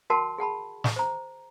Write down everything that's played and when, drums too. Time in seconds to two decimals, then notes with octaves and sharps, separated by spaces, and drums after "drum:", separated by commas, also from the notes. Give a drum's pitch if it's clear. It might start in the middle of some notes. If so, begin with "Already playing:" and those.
0.10 F#4 A#4 F#5 A5 C6
0.38 G#4 F#5 A5 B5
0.84 drum: snare
0.96 C5 A#5